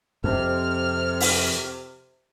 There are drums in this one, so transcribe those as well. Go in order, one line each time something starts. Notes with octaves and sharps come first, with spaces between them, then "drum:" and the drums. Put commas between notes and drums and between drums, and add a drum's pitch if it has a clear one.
F2 C3 F6
drum: open hi-hat